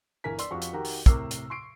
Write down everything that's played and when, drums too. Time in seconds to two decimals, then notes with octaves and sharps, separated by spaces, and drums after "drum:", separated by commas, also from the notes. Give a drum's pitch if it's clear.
0.24 G1 E3 A#4 G#5 B6
0.39 D5 C6 E6, drum: hi-hat
0.51 F2 F3 F#4 G4 C#6
0.62 drum: hi-hat
0.73 D#3 F#4 G4 A#4 A#5
0.85 drum: open hi-hat
1.06 A2 C3 A#4 D6 E6 C7, drum: kick, hi-hat
1.31 drum: hi-hat
1.50 C6 C#6 C7 D7